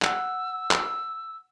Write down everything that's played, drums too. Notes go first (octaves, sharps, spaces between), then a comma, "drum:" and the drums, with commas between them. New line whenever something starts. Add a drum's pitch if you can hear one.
F#5 E6, drum: clap
drum: clap